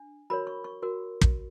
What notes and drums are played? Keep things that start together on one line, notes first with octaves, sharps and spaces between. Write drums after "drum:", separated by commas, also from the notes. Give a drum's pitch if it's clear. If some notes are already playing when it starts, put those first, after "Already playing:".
Already playing: D4
F#4 A#4 C#5 B5
C#6
C#6
F#4 A#4
drum: kick